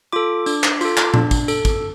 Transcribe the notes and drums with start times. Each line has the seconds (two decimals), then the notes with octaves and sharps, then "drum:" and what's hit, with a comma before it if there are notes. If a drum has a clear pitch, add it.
0.13 F4 A4 D6
0.46 D4, drum: tambourine
0.64 drum: clap
0.81 F4 A4, drum: tambourine
0.97 drum: clap
1.14 D4, drum: tom A#2
1.31 drum: kick, tambourine
1.48 A4, drum: tambourine
1.65 drum: kick, tambourine